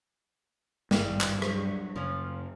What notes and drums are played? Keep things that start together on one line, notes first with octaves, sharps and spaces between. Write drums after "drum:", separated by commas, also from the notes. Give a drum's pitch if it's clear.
G#1 G2, drum: snare
drum: clap
F#3, drum: rim click
F#2 C#3 F3 C#4